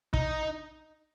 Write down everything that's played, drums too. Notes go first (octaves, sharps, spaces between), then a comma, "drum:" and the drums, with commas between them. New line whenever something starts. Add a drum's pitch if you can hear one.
D#4, drum: kick